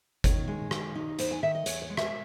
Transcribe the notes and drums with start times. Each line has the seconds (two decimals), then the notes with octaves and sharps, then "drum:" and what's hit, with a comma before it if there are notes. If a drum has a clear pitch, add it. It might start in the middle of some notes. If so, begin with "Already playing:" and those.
0.24 D#3 C#5, drum: kick G1, hi-hat
0.47 G#3
0.71 D#3, drum: rim click
0.95 D#4
1.19 E2 C5, drum: hi-hat
1.31 G#5
1.43 D#3 E5
1.55 D#5
1.66 E2 C#5, drum: hi-hat
1.82 C#5
1.90 G#3
1.97 E5, drum: rim click